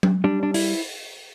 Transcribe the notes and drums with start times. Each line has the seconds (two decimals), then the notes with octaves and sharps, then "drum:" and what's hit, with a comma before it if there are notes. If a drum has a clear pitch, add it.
0.03 drum: tom F#3
0.24 G3 D4
0.43 D4
0.54 E4, drum: open hi-hat